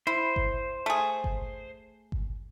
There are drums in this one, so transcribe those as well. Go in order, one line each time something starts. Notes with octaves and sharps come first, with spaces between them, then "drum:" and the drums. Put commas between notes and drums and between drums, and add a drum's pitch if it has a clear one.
E4 C5
drum: kick G1
A3 G#4
drum: kick G1
drum: kick G1